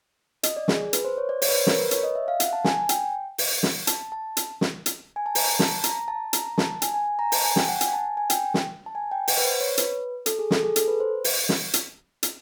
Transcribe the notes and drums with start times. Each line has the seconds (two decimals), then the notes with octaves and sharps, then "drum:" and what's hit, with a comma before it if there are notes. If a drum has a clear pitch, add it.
0.43 D#5, drum: hi-hat
0.57 D5
0.68 G#4, drum: snare
0.93 B4, drum: hi-hat
1.05 C5
1.18 C#5
1.29 D5
1.42 C#5, drum: open hi-hat
1.49 B4
1.54 C5
1.67 A#4, drum: snare
1.79 B4
1.91 C#5, drum: hi-hat
2.03 D#5
2.15 E5
2.28 F5
2.40 F#5, drum: hi-hat
2.53 A5
2.64 G#5, drum: snare
2.78 G#5
2.89 G5, drum: hi-hat
3.38 drum: open hi-hat
3.63 drum: snare
3.87 A5, drum: hi-hat
4.12 A5
4.37 drum: hi-hat
4.61 drum: snare
4.86 drum: hi-hat
5.16 G#5
5.26 A5
5.35 A#5, drum: open hi-hat
5.59 A5, drum: snare
5.84 A#5, drum: hi-hat
6.08 A5
6.33 A#5, drum: hi-hat
6.58 A5, drum: snare
6.82 G#5, drum: hi-hat
6.94 G#5
7.19 A#5
7.32 A5, drum: open hi-hat
7.44 G#5
7.56 G5, drum: snare
7.69 F#5
7.81 G#5, drum: hi-hat
7.93 A5
8.17 G#5
8.30 G5, drum: hi-hat
8.54 drum: snare
8.86 A5
8.95 G#5
9.11 G5
9.28 F#5, drum: open hi-hat
9.38 B4
9.45 C5
9.60 C#5
9.77 B4, drum: hi-hat
10.26 A4, drum: hi-hat
10.39 G#4
10.51 A4, drum: snare
10.63 G#4
10.76 A4, drum: hi-hat
10.88 B4
11.00 C5
11.24 drum: open hi-hat
11.49 drum: snare
11.74 drum: hi-hat
12.23 drum: hi-hat